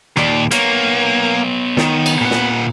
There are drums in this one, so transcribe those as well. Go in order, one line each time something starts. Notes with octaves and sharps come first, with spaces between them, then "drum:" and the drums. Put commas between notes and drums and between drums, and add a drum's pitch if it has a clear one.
D#2 A#2 D5, drum: rim click
A#3 B3 C#5, drum: hi-hat
D#3, drum: snare
drum: cymbal
A#2 F#5
drum: snare